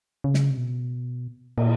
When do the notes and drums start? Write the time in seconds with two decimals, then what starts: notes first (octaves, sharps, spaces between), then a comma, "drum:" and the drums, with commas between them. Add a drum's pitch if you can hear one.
0.24 C#3
0.34 drum: snare
0.50 C3
0.57 B2
1.58 A#2, drum: cymbal